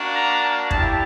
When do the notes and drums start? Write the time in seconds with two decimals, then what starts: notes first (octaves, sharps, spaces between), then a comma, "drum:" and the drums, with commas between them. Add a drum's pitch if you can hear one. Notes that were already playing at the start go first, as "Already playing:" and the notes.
Already playing: A#3 D4 F#4
0.14 A#5
0.42 A5
0.71 B3 E4 G4 A5, drum: kick